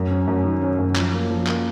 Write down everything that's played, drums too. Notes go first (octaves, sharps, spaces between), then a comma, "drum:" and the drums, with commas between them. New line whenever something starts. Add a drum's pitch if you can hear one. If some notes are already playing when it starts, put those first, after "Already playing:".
Already playing: F#2
C#4
F#2
D#3
C#4
F#2
F3, drum: clap
A#3
F3
A#3, drum: clap